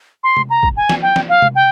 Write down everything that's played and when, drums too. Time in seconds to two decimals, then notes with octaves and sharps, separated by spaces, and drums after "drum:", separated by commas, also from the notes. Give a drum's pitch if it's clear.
0.23 C6
0.37 drum: tom C3
0.50 A#5
0.63 drum: kick
0.77 G#5
0.89 drum: snare
1.02 G5
1.16 drum: snare
1.29 F5
1.42 drum: tom C3
1.55 G5